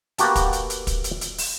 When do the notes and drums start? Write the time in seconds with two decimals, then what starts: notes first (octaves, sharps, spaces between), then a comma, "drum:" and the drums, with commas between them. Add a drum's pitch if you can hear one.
0.18 A#3 B3 F#4 G4 A5, drum: hi-hat
0.35 drum: kick, hi-hat
0.53 drum: hi-hat
0.70 drum: hi-hat
0.87 drum: kick, hi-hat
1.04 drum: hi-hat
1.21 drum: hi-hat
1.38 drum: open hi-hat